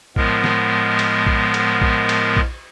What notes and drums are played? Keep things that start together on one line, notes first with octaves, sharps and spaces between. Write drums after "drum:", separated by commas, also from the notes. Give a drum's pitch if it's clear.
A2 F3 G#3 B3 A#4, drum: kick A#1
drum: snare
drum: cymbal
drum: kick A#1
drum: cymbal
drum: kick A#1
drum: cymbal
drum: kick A#1